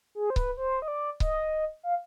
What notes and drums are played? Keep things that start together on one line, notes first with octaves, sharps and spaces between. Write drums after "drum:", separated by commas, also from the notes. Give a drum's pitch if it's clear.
G#4
C5
B4, drum: kick C#1
C5
D#5
D5
D#5, drum: kick C#1
F5